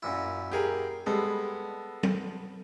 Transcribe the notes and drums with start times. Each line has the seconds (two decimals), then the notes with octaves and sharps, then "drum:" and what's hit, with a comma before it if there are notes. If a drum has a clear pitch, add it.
0.03 F#2 A#2 E4
0.52 G4 G#4 A#4
1.06 G3 G#3 B3 A4
2.03 drum: tom F#3